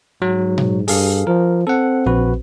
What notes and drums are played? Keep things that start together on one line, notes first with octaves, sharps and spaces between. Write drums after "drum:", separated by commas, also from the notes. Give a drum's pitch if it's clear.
G#2 F#3
drum: tom A#2
G2 G#4 A4 F5, drum: open hi-hat
F3 A#4
C4 A4 F#5
A#1 F#4 B4